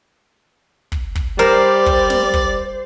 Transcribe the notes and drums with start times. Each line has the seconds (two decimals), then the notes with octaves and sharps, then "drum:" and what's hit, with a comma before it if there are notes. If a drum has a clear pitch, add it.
0.92 drum: kick
1.15 drum: kick
1.39 G3 A#4 C5 D5
1.86 drum: kick
2.10 drum: snare
2.34 drum: kick